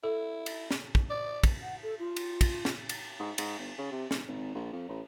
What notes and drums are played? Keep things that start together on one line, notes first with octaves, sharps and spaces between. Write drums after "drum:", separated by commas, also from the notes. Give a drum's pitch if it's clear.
E4 A4
drum: cymbal
drum: snare
drum: kick
D5
drum: kick, cymbal
F#5
A4
F4
drum: cymbal
drum: kick, cymbal
drum: snare
drum: cymbal
G#2
G#2, drum: cymbal
G1
C#3
C3
F1, drum: snare
G#1
A#1
F2
A1